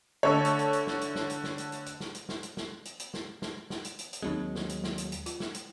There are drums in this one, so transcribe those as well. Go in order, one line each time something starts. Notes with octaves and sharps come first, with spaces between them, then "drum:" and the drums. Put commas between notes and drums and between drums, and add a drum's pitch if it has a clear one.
D3 A3 A4 C#5
drum: hi-hat
drum: hi-hat
drum: hi-hat
drum: snare
drum: hi-hat
drum: snare
drum: hi-hat
drum: snare
drum: hi-hat
drum: hi-hat
drum: hi-hat
drum: snare
drum: hi-hat
drum: snare
drum: hi-hat
drum: snare
drum: hi-hat
drum: hi-hat
drum: snare
drum: snare
drum: snare
drum: hi-hat
drum: hi-hat
drum: hi-hat
D#2 F#3 G#3 C4 D#4
drum: snare
drum: hi-hat
drum: snare
drum: hi-hat
drum: hi-hat
F4, drum: hi-hat
drum: snare
drum: hi-hat